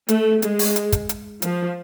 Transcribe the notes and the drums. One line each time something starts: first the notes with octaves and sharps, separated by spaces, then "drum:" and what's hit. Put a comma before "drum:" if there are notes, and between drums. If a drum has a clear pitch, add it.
A3, drum: hi-hat
G#3, drum: hi-hat
drum: open hi-hat
drum: hi-hat
drum: kick, hi-hat
drum: hi-hat
F3, drum: hi-hat